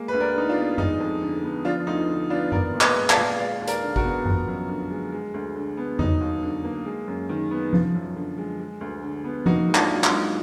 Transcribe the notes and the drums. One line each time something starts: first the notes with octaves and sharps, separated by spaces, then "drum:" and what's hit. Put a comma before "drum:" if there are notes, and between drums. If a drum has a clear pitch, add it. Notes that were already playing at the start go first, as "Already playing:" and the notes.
Already playing: G#3 A#3
D2 B4
A#4 D5
D3 D#4
D4 F4
B3
G#3 D#4, drum: tom G2
F2
D3
B3
F3 D4 F4
D2 D#4
D3
B3 D4 F4
B3 A#4 D5, drum: tom G2
A#2
B4 D#5, drum: clap
G#3
D5 F5, drum: clap
A#2
G#3 D5 F5
D#2
A#4 D5, drum: hi-hat
D3
F#4 A#4, drum: kick G#1
B3
F3, drum: tom G2
F#2
D3
G#3
G#3
D2
D3
B3
F#3 D#4, drum: tom E2
D#2
D3
A#3
G#3
F#2
D#3
B3
F3, drum: tom F3
F#2
D3
G#3
G#3
D2
D3
B3
A#3 D#4 F#4, drum: tom F3
G#2
D4 F4, drum: clap
F#3
D#4, drum: clap
G#2